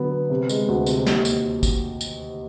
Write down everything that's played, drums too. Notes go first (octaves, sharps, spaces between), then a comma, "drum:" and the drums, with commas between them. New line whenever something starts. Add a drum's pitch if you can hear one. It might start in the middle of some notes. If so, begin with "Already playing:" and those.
Already playing: D3 F#3 B3
B3
C3
G#3, drum: tambourine
D2
C3, drum: tambourine
D#2, drum: snare
drum: tambourine
drum: kick, tambourine
drum: tambourine